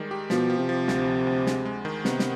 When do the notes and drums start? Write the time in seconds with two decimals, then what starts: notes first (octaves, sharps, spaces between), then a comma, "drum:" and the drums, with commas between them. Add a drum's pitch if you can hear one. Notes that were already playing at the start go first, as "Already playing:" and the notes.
Already playing: D#3 G3 G#3
0.11 G4
0.30 B2 F3, drum: snare
0.50 F3
0.59 C3
0.69 F3
0.88 D2, drum: snare
1.07 F3
1.27 D2
1.46 G#3, drum: snare
1.65 G#3
1.85 D#3
2.05 C3 B3, drum: snare
2.19 drum: snare